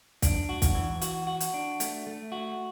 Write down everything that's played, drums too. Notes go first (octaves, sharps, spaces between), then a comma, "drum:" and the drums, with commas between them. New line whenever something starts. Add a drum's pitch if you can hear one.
D4, drum: kick, hi-hat
F#4
drum: kick, hi-hat
E3
F#4, drum: hi-hat
F#4
drum: hi-hat
D4
A3, drum: hi-hat
A3
F#4